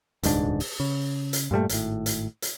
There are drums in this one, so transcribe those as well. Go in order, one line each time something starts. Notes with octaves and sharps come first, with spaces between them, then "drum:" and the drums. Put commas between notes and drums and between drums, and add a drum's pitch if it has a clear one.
D#1 C#2 G#2 D4, drum: hi-hat
drum: open hi-hat
C#3
drum: hi-hat
G2 A#2 G3 A3
G#1 A2, drum: hi-hat
drum: hi-hat
drum: hi-hat